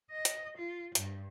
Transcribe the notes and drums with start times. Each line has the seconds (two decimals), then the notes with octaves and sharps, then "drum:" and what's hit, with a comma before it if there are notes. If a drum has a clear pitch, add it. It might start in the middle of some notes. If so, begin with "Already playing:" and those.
0.11 D#5
0.25 drum: hi-hat
0.57 F4
0.95 G2, drum: hi-hat